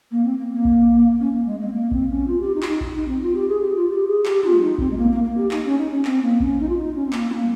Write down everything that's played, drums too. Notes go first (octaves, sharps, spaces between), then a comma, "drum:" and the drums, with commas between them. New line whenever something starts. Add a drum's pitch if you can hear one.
A#3
C4
A#3
A#3
drum: kick A#1
C#4
A#3
G#3
G#3
C4
A#3
C4, drum: kick A#1
C#4
F4
G4
D#4
F4, drum: clap
D#4
drum: kick A#1
D#4
C4
F4
G4
G#4
G4
F4
G4
G#4
G4, drum: clap
F4, drum: tom
D#4
C4, drum: kick A#1
G#3
A#3
A#3
A#3
G4
D#4, drum: clap
C#4
D#4
C#4
C4, drum: clap
A#3
C#4, drum: kick A#1
D#4
F4
D#4
C#4
C4
A#3, drum: clap
A#3, drum: tom